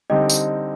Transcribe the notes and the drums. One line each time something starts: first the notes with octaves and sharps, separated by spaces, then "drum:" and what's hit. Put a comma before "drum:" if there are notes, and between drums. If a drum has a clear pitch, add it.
D3 G3 C4 D#4 G4 D#5
drum: tambourine